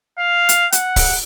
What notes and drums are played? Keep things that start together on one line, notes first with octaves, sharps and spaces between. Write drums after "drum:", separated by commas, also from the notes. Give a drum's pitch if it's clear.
F5
drum: hi-hat
F#5, drum: hi-hat
drum: kick C#1, open hi-hat